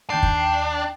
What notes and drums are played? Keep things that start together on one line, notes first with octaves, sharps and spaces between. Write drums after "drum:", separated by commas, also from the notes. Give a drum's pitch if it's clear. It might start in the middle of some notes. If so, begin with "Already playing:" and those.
D#2 D4 G5 C7
drum: kick